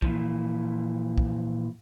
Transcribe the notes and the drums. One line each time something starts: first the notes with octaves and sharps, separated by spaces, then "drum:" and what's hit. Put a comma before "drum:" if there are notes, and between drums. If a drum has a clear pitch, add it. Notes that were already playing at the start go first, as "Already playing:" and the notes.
A#2 E3 F3, drum: kick
drum: kick